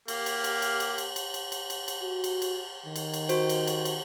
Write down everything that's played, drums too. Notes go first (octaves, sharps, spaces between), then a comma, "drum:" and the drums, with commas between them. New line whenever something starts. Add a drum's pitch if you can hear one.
A#3 G4 F5, drum: cymbal
drum: cymbal
drum: cymbal
drum: cymbal
drum: cymbal
drum: cymbal
drum: cymbal
drum: cymbal
drum: cymbal
drum: cymbal
drum: cymbal
F#4
drum: cymbal
drum: cymbal
D#3
drum: cymbal
drum: cymbal
F#4 C5, drum: cymbal
drum: cymbal
drum: cymbal
drum: cymbal